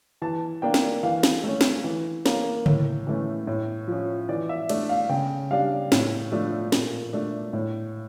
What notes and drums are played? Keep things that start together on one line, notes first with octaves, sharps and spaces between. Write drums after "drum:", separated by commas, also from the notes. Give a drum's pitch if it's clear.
E3 A5
A#3 D4 G5
drum: snare
E3 F5
drum: snare
A3 C#4
drum: snare
E3
A#3 C#4, drum: snare
A2, drum: tom C#3
E3 A3 C#4
A2
F3 C#4
E3 D5
E5
A3 D4 D5, drum: cymbal
F5
C#3 G5
G3 D4 F5
A2, drum: snare
F3 A3 D4
A#2, drum: snare
A3 D4
A2